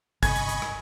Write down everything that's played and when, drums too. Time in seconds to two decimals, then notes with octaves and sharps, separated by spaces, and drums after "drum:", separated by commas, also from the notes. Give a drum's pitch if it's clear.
0.23 G1 C3 D#5 G#5 B5 C#6 G#6, drum: kick, hi-hat
0.36 drum: hi-hat
0.49 drum: hi-hat
0.62 drum: rim click